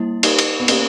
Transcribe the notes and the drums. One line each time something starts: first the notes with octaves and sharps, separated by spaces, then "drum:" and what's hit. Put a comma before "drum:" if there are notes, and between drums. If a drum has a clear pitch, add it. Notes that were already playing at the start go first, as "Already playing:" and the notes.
Already playing: G3 A#3 E4
D#4 G4 A#4, drum: cymbal
drum: cymbal
B3
A#3 C#4 G4 A#4, drum: cymbal